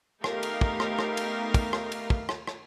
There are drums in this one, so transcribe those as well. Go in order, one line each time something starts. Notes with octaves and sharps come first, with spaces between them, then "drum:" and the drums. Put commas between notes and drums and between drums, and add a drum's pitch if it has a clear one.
A3 B3 D#4 G4 A#4 F5, drum: rim click
drum: cymbal
drum: kick
drum: rim click
drum: rim click
drum: cymbal
drum: kick, cymbal
drum: rim click
drum: cymbal
drum: kick
drum: rim click
drum: rim click